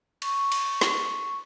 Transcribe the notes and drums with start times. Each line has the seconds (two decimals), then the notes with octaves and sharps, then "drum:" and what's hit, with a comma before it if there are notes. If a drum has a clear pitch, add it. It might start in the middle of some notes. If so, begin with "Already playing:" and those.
0.22 C#6, drum: cymbal
0.52 drum: cymbal
0.81 drum: snare